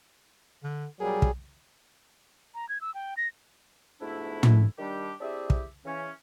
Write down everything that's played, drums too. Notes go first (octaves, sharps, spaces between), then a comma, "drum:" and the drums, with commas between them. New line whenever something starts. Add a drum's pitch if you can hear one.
D3
B1 F#3 G3 G#4 A#4
drum: kick
A#5
G#6
E6
G5
A#6
F2 G#2 B2 A3 D4 E4
drum: tom
D#3 G3 D4 G4
C4 D4 E4 G4 G#4 E5
drum: kick
C#3 E3 C#4